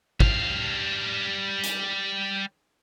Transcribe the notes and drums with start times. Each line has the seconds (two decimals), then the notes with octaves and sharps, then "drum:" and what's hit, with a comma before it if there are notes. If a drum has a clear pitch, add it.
0.20 G3 F5, drum: kick G#1
1.63 drum: hi-hat